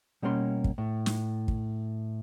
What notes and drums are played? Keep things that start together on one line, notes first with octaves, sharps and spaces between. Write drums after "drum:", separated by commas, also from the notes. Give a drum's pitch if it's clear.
B2 G3 A#3 C#4 C6
drum: kick
A2
drum: snare
drum: kick